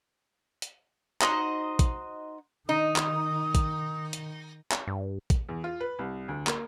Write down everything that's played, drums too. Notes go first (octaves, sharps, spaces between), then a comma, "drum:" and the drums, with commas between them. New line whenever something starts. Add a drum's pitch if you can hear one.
drum: hi-hat
D#4 F#4 C5 D#5, drum: clap
drum: kick, hi-hat
D#3 D#4 D#6
drum: clap
drum: kick, hi-hat
drum: hi-hat
drum: clap
G2
drum: kick, hi-hat
E2
F4
B4
C2
D2
A#3, drum: clap